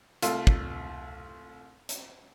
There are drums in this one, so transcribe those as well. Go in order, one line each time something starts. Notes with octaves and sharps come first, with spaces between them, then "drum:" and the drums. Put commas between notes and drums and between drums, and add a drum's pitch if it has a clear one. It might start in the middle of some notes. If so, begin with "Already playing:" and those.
C2 A3 F4 F5, drum: hi-hat
drum: kick
drum: hi-hat